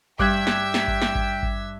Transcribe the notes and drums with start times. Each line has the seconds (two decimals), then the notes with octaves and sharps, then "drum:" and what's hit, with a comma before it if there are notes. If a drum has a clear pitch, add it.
0.19 G2 E5 G5 D6 F#6 G#6, drum: kick G#1
0.47 drum: snare
0.74 drum: snare
0.88 drum: kick G#1
1.02 drum: snare
1.15 drum: kick G#1
1.43 drum: kick G#1